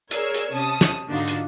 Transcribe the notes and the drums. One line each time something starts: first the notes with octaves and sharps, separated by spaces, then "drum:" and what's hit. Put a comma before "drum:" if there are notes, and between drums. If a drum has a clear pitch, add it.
G#4 A#4 C#5 D5 E6 G#6, drum: hi-hat
drum: hi-hat
C3 C#4 A5 D#6
drum: snare
G#2 D3 D4 D#4 F4 F#4
drum: hi-hat